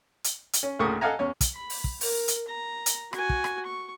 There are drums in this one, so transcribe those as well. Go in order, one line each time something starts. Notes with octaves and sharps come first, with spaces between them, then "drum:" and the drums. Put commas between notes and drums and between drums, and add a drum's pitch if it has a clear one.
drum: hi-hat
drum: hi-hat
C#4
D2 A2 C#3 A#3 C#6 D#6
A4 D#5 F5 F#5 G#5 A#5
E2 C#4 C#5
drum: kick, hi-hat
B5
drum: open hi-hat
drum: kick
A#4, drum: open hi-hat
drum: hi-hat
A#5
drum: hi-hat
F#4 G#5, drum: rim click
drum: kick
drum: rim click
C#6